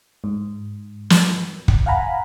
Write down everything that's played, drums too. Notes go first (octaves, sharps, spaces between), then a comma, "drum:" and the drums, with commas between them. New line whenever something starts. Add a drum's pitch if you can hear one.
G#2
drum: snare
drum: kick
F5 F#5 G#5 A#5 B5